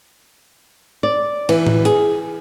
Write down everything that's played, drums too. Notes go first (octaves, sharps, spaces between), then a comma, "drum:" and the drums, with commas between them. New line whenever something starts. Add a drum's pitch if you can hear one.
D5
E3, drum: cymbal
drum: tom A2
G#4, drum: hi-hat